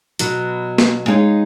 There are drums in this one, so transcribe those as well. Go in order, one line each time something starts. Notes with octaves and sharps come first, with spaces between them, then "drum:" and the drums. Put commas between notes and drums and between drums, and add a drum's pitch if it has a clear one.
B2 F#3 B3, drum: hi-hat
drum: snare
G#3 D#4 G#4 C#5 F5